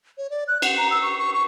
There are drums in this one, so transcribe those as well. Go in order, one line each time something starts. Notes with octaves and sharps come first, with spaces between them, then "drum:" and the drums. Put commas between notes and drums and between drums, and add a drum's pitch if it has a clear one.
C#5
D5
F#6
F#5, drum: cymbal
A#5
E6
C#6
C#6
C#6